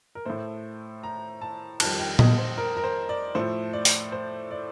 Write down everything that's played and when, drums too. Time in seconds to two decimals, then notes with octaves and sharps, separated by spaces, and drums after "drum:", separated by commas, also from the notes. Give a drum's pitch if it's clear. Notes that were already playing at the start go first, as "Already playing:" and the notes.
0.15 A#4
0.26 A2 A3 C5
1.03 A#5
1.41 A5
1.80 F2 D#3 G3 A5, drum: cymbal
2.00 G5
2.19 D#5, drum: tom A#2
2.38 C5
2.58 A#4
2.77 A#4
2.84 C5
3.09 D5
3.35 A2 F3 A3 C5
3.73 D5
3.85 drum: open hi-hat
4.12 C5
4.51 D5